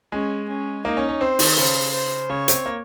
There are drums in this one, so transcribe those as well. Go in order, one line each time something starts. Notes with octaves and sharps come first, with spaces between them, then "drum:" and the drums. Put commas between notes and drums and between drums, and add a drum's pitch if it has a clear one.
G#3 C#4
C#4
A#3 D#4
C#4
C#4
C4 C5
D#3, drum: open hi-hat
C#3 C5
C5
C#3 C#5
C4, drum: hi-hat
A#3